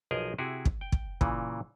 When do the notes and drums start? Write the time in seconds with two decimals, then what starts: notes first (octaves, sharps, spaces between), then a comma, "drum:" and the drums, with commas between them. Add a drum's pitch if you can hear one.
0.11 B1 F3 G#4 A#4 D#5
0.38 C3 E4 F#4 G#4
0.65 drum: kick
0.81 G5
0.92 drum: kick
1.21 A#2 C#3 E3, drum: kick